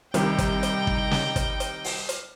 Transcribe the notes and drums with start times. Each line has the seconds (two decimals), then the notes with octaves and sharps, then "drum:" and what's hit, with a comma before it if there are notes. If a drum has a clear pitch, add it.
0.14 C2 C3 D#3 G3 D#4 G5, drum: hi-hat
0.38 drum: kick, hi-hat
0.63 drum: hi-hat
0.87 drum: kick
1.11 drum: snare
1.36 drum: kick, hi-hat
1.60 drum: hi-hat
1.84 drum: open hi-hat
2.09 drum: hi-hat